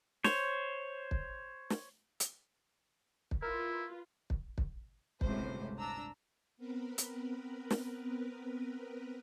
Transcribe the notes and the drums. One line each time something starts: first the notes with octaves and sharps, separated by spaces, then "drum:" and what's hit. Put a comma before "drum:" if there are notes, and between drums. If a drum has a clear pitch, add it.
C5 C#5, drum: snare
drum: kick
drum: snare
drum: hi-hat
drum: kick
E4 F4 A#4 B4
drum: kick
drum: kick
G1 C#2 A2 C3 C5, drum: kick
D4 A#5 E6
B3 C4 A#4 B4
drum: hi-hat
drum: snare